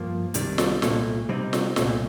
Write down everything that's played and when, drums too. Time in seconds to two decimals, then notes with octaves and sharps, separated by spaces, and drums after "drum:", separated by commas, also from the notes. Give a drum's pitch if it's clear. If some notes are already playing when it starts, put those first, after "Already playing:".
Already playing: G2 F3 A#3
0.34 C2 C3 D#3 G3 D4, drum: hi-hat
0.58 drum: snare
0.82 C2 A#2 A3, drum: snare
1.29 C3 G3 C4 D#4
1.53 drum: snare
1.76 C2 A#2 A3, drum: snare